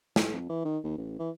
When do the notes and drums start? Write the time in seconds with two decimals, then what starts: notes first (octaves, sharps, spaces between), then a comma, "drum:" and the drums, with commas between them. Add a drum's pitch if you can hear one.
0.16 A2, drum: snare
0.33 F2
0.49 E3
0.65 D#3
0.84 D#2
0.98 A1
1.19 E3